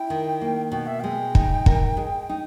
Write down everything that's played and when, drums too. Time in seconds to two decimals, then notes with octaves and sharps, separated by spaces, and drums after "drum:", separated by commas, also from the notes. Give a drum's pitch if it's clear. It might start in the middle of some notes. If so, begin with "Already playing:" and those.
Already playing: E4 G5
0.10 D#3
0.41 A#3
0.72 B2 G5
0.87 E5
1.00 G#3 G5
1.35 D#4, drum: kick
1.66 A#4, drum: kick
1.97 G#3
2.29 D#4